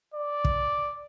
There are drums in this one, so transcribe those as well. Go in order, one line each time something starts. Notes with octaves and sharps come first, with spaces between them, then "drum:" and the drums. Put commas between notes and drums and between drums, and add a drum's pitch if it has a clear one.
D5
drum: kick